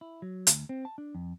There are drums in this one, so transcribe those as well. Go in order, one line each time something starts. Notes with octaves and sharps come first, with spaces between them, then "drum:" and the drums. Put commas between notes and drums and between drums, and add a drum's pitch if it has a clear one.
E4
F#3
D2, drum: hi-hat
C4
A5
D4
F2